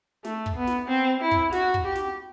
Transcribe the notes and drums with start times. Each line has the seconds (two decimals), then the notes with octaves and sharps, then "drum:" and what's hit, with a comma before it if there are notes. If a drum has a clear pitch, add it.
0.24 A3, drum: snare
0.46 drum: kick
0.56 B3
0.67 drum: snare
0.88 C4
1.21 E4
1.31 drum: kick
1.52 F#4, drum: snare
1.74 drum: kick
1.85 G4
1.95 drum: snare